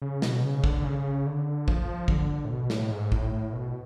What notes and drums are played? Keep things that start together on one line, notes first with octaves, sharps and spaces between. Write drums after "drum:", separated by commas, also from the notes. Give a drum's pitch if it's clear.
C#3
B2, drum: snare
C#3
D3, drum: kick
D3
C#3
D3
F3, drum: kick
D3, drum: kick
A2
B2
A2, drum: snare
G#2
A2, drum: kick
A2
B2